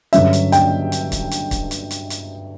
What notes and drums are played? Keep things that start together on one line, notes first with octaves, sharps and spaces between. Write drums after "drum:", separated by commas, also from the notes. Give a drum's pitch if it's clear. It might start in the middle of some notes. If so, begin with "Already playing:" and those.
G2 D3 F#3 C#4 E5, drum: hi-hat
drum: hi-hat
G5, drum: hi-hat
drum: hi-hat
drum: kick, hi-hat
drum: hi-hat
drum: kick, hi-hat
drum: hi-hat
drum: hi-hat
drum: hi-hat